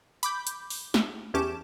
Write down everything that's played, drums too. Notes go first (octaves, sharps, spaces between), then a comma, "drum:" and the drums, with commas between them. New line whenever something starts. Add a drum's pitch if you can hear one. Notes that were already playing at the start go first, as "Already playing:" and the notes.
B5 D6 G6, drum: hi-hat
drum: hi-hat
drum: open hi-hat
drum: snare
E2 C#4 G4 A5 D6 E7